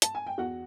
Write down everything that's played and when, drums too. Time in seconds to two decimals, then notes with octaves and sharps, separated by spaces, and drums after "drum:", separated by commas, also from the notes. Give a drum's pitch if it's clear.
0.02 A5, drum: hi-hat
0.15 G#5
0.27 G5
0.38 E2 F#4 F#5